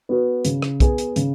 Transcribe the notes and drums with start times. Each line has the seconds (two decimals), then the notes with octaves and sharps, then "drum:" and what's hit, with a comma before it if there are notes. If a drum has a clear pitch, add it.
0.09 B3 F#4 B4
0.45 C#3, drum: hi-hat
0.62 drum: rim click
0.80 B3 G#4, drum: kick, hi-hat
0.98 drum: hi-hat
1.16 C#3, drum: hi-hat